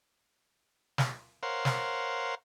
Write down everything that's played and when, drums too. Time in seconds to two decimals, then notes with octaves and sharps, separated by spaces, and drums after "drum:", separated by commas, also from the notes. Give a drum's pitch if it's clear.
0.98 drum: snare
1.43 A#4 C5 C#5 F5 F#5 C6
1.65 drum: snare